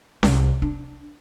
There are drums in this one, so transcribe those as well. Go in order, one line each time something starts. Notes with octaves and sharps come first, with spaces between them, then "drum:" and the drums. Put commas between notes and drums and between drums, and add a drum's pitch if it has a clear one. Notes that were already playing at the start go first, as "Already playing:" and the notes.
C2, drum: snare C#4
D4